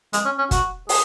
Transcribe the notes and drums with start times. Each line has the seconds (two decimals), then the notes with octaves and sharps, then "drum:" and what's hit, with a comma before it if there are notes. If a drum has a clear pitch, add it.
0.13 G#3, drum: hi-hat
0.25 C#4
0.38 C#4
0.51 F#4, drum: kick, hi-hat
0.89 G#4, drum: open hi-hat